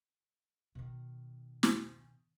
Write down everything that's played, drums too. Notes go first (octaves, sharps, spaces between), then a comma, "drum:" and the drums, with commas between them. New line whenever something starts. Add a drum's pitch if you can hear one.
B2 D#3
drum: snare